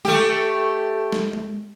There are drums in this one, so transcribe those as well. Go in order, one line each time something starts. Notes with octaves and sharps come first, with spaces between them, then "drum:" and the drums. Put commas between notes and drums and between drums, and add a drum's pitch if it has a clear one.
A3 G4, drum: snare
drum: snare
drum: tom G#3